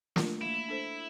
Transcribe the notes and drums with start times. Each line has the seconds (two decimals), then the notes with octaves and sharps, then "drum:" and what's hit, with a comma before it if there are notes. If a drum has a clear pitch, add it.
0.16 A3 D4 F4 A#4, drum: snare
0.41 A#3 E4
0.68 D4 A4 C5